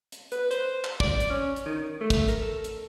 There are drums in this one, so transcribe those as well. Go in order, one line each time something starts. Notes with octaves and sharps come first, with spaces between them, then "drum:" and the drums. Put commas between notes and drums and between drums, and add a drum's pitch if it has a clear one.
drum: hi-hat
B4, drum: hi-hat
C5, drum: hi-hat
drum: clap
D5, drum: kick
drum: hi-hat
C#4
drum: hi-hat
D#3
A3
drum: kick, hi-hat
A#4, drum: hi-hat
A4
drum: hi-hat